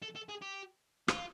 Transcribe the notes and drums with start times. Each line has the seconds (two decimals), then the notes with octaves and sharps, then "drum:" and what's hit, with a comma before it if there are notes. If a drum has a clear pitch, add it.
0.02 A4
0.16 A4
0.29 G#4
0.42 G4
1.08 F4, drum: rim click